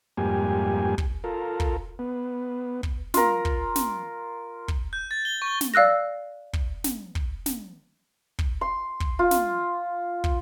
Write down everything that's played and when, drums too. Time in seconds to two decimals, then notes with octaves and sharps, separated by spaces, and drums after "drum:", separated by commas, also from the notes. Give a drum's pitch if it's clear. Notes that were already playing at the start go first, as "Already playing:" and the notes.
0.17 F2 G#2 G3 A#3 G4 G#5
0.98 drum: kick
1.24 F4 A4 A#4
1.60 drum: kick
1.99 B3
2.83 drum: kick
3.14 F4 A#4, drum: snare
3.45 drum: kick
3.76 drum: snare
4.68 drum: kick
4.93 G6
5.11 A6
5.25 G7
5.42 C#6
5.61 drum: snare
5.74 D5 F5 E6 F#6 A#6
6.53 drum: kick
6.84 drum: snare
7.15 drum: kick
7.46 drum: snare
8.39 drum: kick
8.61 C6
9.00 drum: kick
9.19 F4
9.31 drum: snare
10.24 drum: kick